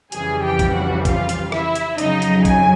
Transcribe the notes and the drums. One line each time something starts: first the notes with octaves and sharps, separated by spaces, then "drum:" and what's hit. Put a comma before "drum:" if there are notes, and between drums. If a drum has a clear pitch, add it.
F2 C#3 E3 G3 G#4 G#5, drum: hi-hat
G4 G5
drum: kick A1, hi-hat
F#4 F#5
F4 F5, drum: kick A1, hi-hat
drum: hi-hat
E4 E5, drum: rim click
drum: hi-hat
F2 C#3 F#3 D#4 D#5, drum: hi-hat
drum: hi-hat
G#5, drum: kick A1, hi-hat